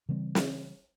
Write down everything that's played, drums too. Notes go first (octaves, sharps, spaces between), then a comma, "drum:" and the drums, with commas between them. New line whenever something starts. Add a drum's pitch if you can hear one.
C#3 E3 G3 C4
drum: snare